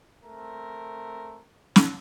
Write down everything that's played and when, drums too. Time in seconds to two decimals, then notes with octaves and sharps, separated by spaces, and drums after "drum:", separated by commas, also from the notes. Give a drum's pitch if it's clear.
0.23 A3 C4 A#4
1.76 drum: snare